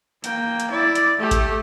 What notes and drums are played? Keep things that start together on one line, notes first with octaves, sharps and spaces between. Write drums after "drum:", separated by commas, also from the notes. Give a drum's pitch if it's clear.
A#3 G5, drum: hi-hat
drum: hi-hat
E4 D5
drum: hi-hat
A3 G4
drum: kick A1, hi-hat